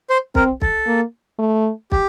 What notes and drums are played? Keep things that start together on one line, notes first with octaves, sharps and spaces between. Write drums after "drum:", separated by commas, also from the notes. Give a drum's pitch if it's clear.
C5
C4 A#4, drum: kick
A4, drum: kick
A#3
A3
G4, drum: kick